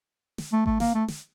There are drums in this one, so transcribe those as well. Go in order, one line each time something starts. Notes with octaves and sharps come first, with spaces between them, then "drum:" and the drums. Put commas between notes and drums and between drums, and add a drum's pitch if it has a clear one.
drum: snare
A3
A3, drum: kick G#1
A#3, drum: snare
A3
drum: snare